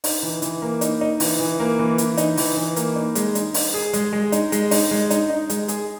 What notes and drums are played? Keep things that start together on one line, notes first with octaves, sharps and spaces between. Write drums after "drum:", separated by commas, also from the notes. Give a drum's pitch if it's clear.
D#4, drum: open hi-hat
E3
E3, drum: hi-hat
A#3
D#4, drum: hi-hat
D#4
E3, drum: open hi-hat
E3
A#3
E3
E3, drum: hi-hat
D#4, drum: hi-hat
E3, drum: open hi-hat
E3
A#3, drum: hi-hat
D#4
G#3, drum: hi-hat
D#4, drum: hi-hat
D#4, drum: open hi-hat
G#4
G#3, drum: hi-hat
G#3
D#4, drum: hi-hat
G#3, drum: hi-hat
D#4, drum: open hi-hat
G#3
D#4, drum: hi-hat
D#4
G#3, drum: hi-hat
G#4, drum: hi-hat